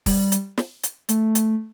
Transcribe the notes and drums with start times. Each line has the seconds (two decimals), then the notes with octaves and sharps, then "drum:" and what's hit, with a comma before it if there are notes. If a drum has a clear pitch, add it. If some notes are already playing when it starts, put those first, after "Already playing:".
0.06 G3, drum: kick, open hi-hat
0.32 drum: hi-hat
0.58 drum: snare
0.83 drum: hi-hat
1.09 A3, drum: hi-hat
1.35 drum: hi-hat